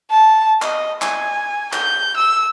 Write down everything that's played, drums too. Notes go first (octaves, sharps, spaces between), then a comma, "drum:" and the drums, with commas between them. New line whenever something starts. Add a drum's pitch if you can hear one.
A5
D#5, drum: clap
G#5, drum: clap
G6, drum: clap
E6